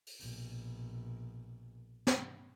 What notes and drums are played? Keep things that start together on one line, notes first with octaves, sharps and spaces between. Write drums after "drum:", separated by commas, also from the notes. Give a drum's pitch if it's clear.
drum: open hi-hat
A#1 B2, drum: open hi-hat
drum: snare